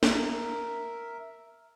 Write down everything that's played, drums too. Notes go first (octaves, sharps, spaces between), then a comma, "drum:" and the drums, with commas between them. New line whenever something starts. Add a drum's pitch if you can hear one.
A#4 E5, drum: snare